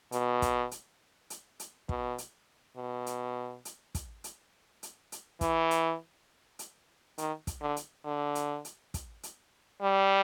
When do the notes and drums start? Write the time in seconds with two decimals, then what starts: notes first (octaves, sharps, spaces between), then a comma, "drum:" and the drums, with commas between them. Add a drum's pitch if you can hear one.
0.12 B2, drum: hi-hat
0.42 drum: kick, hi-hat
0.71 drum: hi-hat
1.30 drum: hi-hat
1.60 drum: hi-hat
1.89 B2, drum: kick
2.18 drum: hi-hat
2.77 B2
3.06 drum: hi-hat
3.65 drum: hi-hat
3.95 drum: kick, hi-hat
4.24 drum: hi-hat
4.83 drum: hi-hat
5.12 drum: hi-hat
5.41 E3, drum: kick, hi-hat
5.71 drum: hi-hat
6.59 drum: hi-hat
7.18 D#3, drum: hi-hat
7.47 drum: kick, hi-hat
7.61 D3
7.76 drum: hi-hat
8.05 D3
8.35 drum: hi-hat
8.65 drum: hi-hat
8.94 drum: kick, hi-hat
9.23 drum: hi-hat
9.82 G3